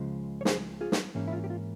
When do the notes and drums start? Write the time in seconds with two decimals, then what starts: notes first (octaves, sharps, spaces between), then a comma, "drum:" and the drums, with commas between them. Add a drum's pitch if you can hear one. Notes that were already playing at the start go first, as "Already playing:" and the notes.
Already playing: C#2 C#3 F3 G#3
0.41 C#5
0.45 G#4 C5, drum: snare
0.81 F4 G#4
0.92 drum: snare
1.15 G#2 E3 A#3 C#4
1.27 E4
1.33 F4
1.44 G4
1.50 F4